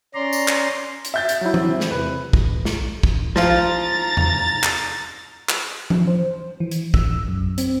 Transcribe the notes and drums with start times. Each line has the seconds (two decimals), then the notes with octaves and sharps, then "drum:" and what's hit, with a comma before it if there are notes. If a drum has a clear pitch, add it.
0.14 C#4 D5 A#5 C6
0.33 drum: tambourine
0.48 drum: clap
1.05 drum: hi-hat
1.14 E5 G6 A6
1.29 drum: hi-hat
1.41 F#3 E4
1.54 C4, drum: tom E3
1.80 drum: snare
1.91 E2 C3 B4
2.33 drum: kick
2.65 drum: snare
3.03 drum: kick
3.36 F3 F4 A#5 A6, drum: snare
4.17 drum: tom E2
4.63 drum: clap
5.49 drum: clap
5.90 F3, drum: tom E3
6.07 C5
6.60 E3
6.71 drum: hi-hat
6.94 E6, drum: kick
7.28 F#2
7.58 C4, drum: hi-hat